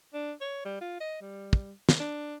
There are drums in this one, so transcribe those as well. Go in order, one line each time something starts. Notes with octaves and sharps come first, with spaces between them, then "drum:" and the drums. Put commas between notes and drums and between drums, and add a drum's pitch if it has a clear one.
D4
C#5
G3
F4
D#5
G3
drum: kick
drum: snare
D4